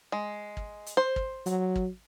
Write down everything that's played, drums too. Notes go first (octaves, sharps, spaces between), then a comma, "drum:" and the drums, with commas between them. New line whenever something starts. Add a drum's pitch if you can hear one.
G#3
drum: kick
drum: hi-hat
C5
drum: kick
F#3, drum: hi-hat
drum: kick